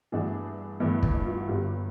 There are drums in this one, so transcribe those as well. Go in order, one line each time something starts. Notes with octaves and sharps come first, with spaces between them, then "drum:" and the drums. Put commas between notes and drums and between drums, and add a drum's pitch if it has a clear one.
G2 E3 A3 D4 F#4 G#4
G2 E3 A3 D4
drum: kick
E4
F4
F#4
G1 G2 D3 F4 G4